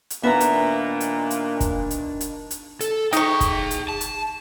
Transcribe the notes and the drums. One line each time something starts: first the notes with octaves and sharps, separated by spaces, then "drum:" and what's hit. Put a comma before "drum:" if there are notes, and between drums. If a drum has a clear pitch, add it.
drum: hi-hat
A#2 D#3 B3 D4 E5 A#5
drum: hi-hat
drum: hi-hat
drum: hi-hat
drum: kick, hi-hat
drum: hi-hat
drum: hi-hat
drum: hi-hat
A4, drum: hi-hat
D#4 G#4 G5 C#6, drum: hi-hat
drum: kick, hi-hat
drum: hi-hat
A5
drum: hi-hat